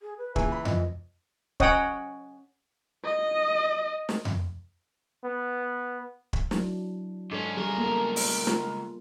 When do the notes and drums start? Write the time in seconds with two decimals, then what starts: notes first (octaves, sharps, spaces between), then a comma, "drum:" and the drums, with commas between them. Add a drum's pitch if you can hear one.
0.02 G#4
0.18 B4
0.36 A#2 C#3 E3 G#5 A#5, drum: kick
0.52 B5
0.65 F2 D#5, drum: tom F2
1.60 C#4 C#5 D#5 F#5 G5 D#6, drum: kick
3.04 D#5
4.09 drum: snare
4.25 drum: tom F2
5.24 B3
6.33 drum: kick
6.51 F#3 D4 E4, drum: snare
7.31 G#2 C#4 D4 A4
7.57 C#2 G3 G#4 A#4
7.78 A#3 B3 A4
8.16 drum: open hi-hat
8.47 F4, drum: snare